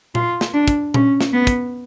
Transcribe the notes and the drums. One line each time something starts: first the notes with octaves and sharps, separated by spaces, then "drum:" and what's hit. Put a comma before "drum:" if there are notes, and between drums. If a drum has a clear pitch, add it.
F4, drum: tom A#2
drum: snare
D4
drum: kick, hi-hat
C#4, drum: tom A#2
drum: snare
B3
drum: kick, hi-hat